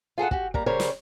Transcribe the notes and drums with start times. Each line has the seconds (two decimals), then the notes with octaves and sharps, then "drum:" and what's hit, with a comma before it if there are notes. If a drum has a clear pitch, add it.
0.18 F4 G#4 A4 F#5
0.31 F#4 G4, drum: kick
0.54 G3 A#3 A#5, drum: kick
0.66 C#3 G3 A#4 C5 C#5
0.80 drum: snare